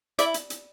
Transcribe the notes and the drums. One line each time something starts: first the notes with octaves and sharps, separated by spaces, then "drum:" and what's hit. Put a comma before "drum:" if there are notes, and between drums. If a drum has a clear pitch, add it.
E4 D5 E5, drum: hi-hat
drum: hi-hat
drum: hi-hat